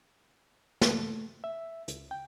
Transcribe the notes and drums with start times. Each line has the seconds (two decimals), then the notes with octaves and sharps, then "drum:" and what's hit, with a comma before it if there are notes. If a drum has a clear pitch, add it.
0.81 A3, drum: snare
1.44 E5
1.88 C#2, drum: hi-hat
2.11 G5